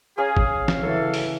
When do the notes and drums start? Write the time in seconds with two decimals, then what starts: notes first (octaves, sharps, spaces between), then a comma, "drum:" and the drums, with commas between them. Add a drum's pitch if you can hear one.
0.18 C#4 G#4 C#5 F5 A#5
0.37 drum: kick G#1
0.68 drum: snare
0.82 C#3 E3 F#3 A4
1.14 drum: open hi-hat